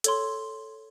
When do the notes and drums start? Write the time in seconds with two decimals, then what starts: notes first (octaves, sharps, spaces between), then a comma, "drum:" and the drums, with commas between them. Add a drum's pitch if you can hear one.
0.04 A4 C#5 C6, drum: hi-hat